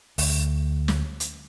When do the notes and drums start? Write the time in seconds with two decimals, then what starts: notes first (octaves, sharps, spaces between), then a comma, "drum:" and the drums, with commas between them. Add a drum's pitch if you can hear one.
0.18 D2, drum: open hi-hat
0.88 drum: snare
1.20 drum: hi-hat